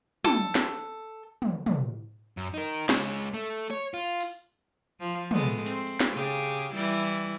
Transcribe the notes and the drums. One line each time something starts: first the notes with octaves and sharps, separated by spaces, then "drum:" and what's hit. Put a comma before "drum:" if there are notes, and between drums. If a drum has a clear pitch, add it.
A4, drum: tom
drum: snare
drum: tom
drum: tom
F#2
D#4 A#4
G#3 C#4, drum: snare
A3
C#5
F4
drum: open hi-hat
F3
G#3 A3 B3, drum: tom
C4, drum: hi-hat
drum: open hi-hat
drum: snare
C#3 G4 G#4
E3 G3 E4